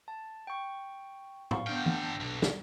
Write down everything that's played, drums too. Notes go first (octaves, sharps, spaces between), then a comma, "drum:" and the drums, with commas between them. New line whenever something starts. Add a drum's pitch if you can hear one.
A5
G5 C#6
F5 C#6, drum: tom A2
D3 B3 D4 G5 F6
D4, drum: tom E3
B1
drum: snare